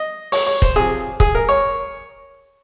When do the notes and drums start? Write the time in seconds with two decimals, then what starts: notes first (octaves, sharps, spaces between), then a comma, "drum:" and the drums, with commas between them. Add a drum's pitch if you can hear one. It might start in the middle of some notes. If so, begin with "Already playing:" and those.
Already playing: D#5
0.32 C#5, drum: open hi-hat
0.47 C#5
0.62 C5, drum: kick
0.76 C3 F3 G#4
1.20 G#4, drum: kick
1.35 A#4
1.49 C#5